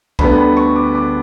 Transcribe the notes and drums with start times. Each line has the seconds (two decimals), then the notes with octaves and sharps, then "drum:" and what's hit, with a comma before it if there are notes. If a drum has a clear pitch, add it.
0.19 D2 D3 G3 B3 B5, drum: kick
0.38 B5
0.57 C#6
0.76 D6
0.95 D6